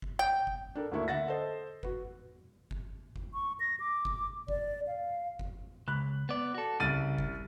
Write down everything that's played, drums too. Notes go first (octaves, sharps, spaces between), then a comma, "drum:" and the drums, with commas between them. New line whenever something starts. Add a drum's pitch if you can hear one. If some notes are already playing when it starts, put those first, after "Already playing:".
drum: kick G1
G5
drum: kick G1
D4 A4 A#4
D2 A#3 D4 E4 A#4 C#6
D3 E5 F#5 A6 A#6
A4 C5 D#5
F#4 B4, drum: kick G1
drum: kick G1
drum: kick G1
C#6
A#6
D6
drum: kick G1
D5, drum: kick G1
F5
drum: kick G1
C#2 B5 F#6
B3 D5
F#4 A4
C2 C#3 A6 D#7
drum: kick G1